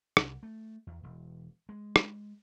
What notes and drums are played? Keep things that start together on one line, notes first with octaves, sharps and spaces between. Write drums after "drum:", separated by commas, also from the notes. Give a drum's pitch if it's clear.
C2, drum: rim click
A3
E2
E1
G#3
drum: rim click